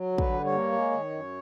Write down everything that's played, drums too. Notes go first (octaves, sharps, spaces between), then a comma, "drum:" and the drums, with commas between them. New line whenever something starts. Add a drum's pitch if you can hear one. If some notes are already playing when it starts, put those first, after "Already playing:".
Already playing: F#3
D3
B4, drum: kick
G2
C#5
A#3
G#3
D#3
F#2